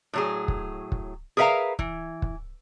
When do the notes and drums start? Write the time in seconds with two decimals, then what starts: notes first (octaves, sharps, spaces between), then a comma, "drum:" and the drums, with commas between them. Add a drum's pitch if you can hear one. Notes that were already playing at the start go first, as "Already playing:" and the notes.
0.13 A2 F#3 G#4
0.48 drum: kick
0.92 drum: kick
1.37 G#4 A#4 B4 E5 F5 A#5
1.79 E3, drum: kick
2.22 drum: kick